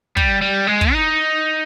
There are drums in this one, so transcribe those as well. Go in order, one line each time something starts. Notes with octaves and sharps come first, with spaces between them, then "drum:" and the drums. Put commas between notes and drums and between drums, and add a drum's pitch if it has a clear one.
G3, drum: kick
G3
G#3
drum: kick
D#4